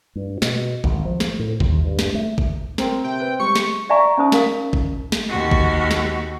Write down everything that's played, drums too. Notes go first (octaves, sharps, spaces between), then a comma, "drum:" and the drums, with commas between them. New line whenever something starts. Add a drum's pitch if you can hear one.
G2
B2, drum: snare
G#1, drum: kick G#1
F3
drum: snare
A2
D#2, drum: kick G#1
G2
drum: snare
A3
drum: kick G#1
C4 A#4, drum: snare
C3 G5
B4
G3 G#3 C#6 C#7
drum: snare
D5 E5 F5 G#5 A#5 C#6
C#4 D#4 C5 D#6
A#4 F5, drum: snare
drum: kick G#1
drum: snare
D#2 F#4
drum: kick G#1
drum: snare